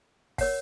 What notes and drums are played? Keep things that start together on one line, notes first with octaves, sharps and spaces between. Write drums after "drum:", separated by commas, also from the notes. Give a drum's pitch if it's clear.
A#4 C#5 F#5, drum: kick, open hi-hat